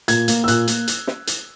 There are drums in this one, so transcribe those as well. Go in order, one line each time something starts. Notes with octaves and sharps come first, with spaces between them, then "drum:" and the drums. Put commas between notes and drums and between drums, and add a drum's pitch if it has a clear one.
A#2 G#6, drum: hi-hat
A#3, drum: hi-hat
E6
A#2 F#6, drum: hi-hat
A#3, drum: hi-hat
drum: hi-hat
drum: snare
drum: hi-hat